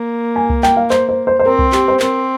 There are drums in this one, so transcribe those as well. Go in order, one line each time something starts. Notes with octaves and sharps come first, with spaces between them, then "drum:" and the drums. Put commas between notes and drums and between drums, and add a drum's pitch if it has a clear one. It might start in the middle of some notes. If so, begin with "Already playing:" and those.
Already playing: A#3
G#5
drum: kick C2
G5, drum: clap
F5
C5, drum: clap
C5
C5
C5
C4 A#4
drum: kick C2
G4, drum: clap
C5
C4 A#4, drum: clap